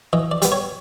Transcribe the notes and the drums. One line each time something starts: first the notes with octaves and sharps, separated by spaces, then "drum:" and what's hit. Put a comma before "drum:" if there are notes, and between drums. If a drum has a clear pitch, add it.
E3 D#5
D5
G3 B3, drum: hi-hat
C#5